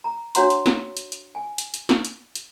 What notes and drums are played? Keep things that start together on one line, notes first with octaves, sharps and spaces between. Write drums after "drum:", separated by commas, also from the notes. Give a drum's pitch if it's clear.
A#5
D4 F#4 C#5 F#5 A#5 C6, drum: hi-hat
drum: hi-hat
drum: snare
drum: hi-hat
drum: hi-hat
G#5
drum: hi-hat
drum: hi-hat
drum: snare
drum: hi-hat
drum: hi-hat